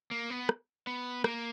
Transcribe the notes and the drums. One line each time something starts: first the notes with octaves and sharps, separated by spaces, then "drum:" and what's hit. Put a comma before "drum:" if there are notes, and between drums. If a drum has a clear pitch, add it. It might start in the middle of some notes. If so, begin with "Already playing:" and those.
A#3
B3
drum: rim click
B3
A#3, drum: rim click